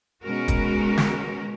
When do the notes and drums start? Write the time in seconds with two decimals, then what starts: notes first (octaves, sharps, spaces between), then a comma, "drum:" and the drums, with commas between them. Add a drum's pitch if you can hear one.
0.23 B2 G#3 C#4 F#4 A#4
0.48 drum: kick, hi-hat
0.97 drum: snare